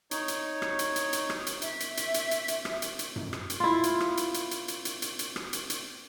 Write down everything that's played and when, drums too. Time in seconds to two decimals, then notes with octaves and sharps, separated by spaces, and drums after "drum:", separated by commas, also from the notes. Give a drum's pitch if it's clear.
0.11 D#4 C#5, drum: hi-hat
0.28 drum: hi-hat
0.62 drum: rim click
0.79 drum: hi-hat
0.96 drum: hi-hat
1.13 drum: hi-hat
1.30 drum: rim click
1.47 drum: hi-hat
1.62 E5, drum: hi-hat
1.80 drum: hi-hat
1.97 drum: hi-hat
2.14 drum: hi-hat
2.31 drum: hi-hat
2.48 drum: hi-hat
2.65 drum: rim click
2.82 drum: hi-hat
2.99 drum: hi-hat
3.16 drum: tom F#2
3.33 drum: rim click
3.50 drum: hi-hat
3.60 E4 F4
3.83 drum: hi-hat
4.00 drum: rim click
4.17 drum: hi-hat
4.34 drum: hi-hat
4.51 drum: hi-hat
4.68 drum: hi-hat
4.85 drum: hi-hat
5.02 drum: hi-hat
5.19 drum: hi-hat
5.36 drum: rim click
5.53 drum: hi-hat
5.70 drum: hi-hat